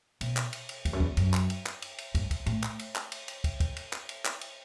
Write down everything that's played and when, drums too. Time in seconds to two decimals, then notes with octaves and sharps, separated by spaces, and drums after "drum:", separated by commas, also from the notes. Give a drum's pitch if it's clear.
0.21 B2, drum: cymbal
0.36 drum: clap
0.53 drum: cymbal
0.69 drum: cymbal
0.85 E2, drum: kick, cymbal
0.93 F#2
1.00 E2, drum: kick
1.17 F#2, drum: cymbal
1.34 drum: clap
1.50 drum: cymbal
1.66 drum: clap
1.82 drum: cymbal
1.98 drum: cymbal
2.15 G2, drum: kick, cymbal
2.31 drum: kick, cymbal
2.46 A2, drum: cymbal
2.63 drum: clap
2.79 drum: cymbal
2.96 drum: clap
3.12 drum: cymbal
3.28 drum: cymbal
3.44 drum: kick, cymbal
3.60 drum: kick, cymbal
3.76 drum: cymbal
3.93 drum: clap
4.09 drum: cymbal
4.25 drum: clap
4.41 drum: cymbal